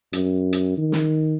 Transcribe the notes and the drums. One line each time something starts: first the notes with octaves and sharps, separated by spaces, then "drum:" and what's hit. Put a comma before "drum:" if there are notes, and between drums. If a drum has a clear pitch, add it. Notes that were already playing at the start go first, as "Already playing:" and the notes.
F#2, drum: hi-hat
drum: hi-hat
D#3
drum: snare